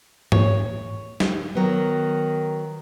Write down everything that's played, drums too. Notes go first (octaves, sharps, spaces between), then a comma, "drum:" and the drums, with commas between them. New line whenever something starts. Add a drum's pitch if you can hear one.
C#5, drum: tom G#2
drum: snare
D#3 F#3 B3